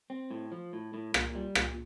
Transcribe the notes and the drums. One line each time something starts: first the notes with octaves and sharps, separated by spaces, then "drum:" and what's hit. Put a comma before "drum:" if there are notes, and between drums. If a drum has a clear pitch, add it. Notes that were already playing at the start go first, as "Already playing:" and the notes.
C4
A2
F3
A2
A2
A#2, drum: rim click
G3
A#2, drum: rim click